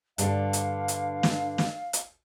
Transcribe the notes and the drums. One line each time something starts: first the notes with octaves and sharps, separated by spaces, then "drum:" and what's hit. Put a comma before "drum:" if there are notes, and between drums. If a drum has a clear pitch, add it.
G2 D3 F5, drum: hi-hat
drum: hi-hat
drum: hi-hat
drum: snare
drum: snare
drum: hi-hat